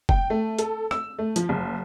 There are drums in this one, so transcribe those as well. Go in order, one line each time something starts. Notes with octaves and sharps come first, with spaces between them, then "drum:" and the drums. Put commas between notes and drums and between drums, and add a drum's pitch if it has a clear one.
G5, drum: kick F1
A3
A4, drum: hi-hat
E6, drum: rim click
A3
F3, drum: hi-hat
F#1